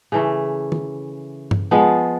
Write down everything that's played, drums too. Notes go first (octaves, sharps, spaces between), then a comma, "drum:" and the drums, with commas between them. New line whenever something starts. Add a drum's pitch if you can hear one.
C#3 E3 A3
drum: tom D#3
drum: tom G2
F3 G#3 B3